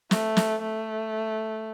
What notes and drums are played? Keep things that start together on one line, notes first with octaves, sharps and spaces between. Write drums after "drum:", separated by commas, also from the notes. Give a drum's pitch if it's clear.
A3, drum: snare
drum: snare
A3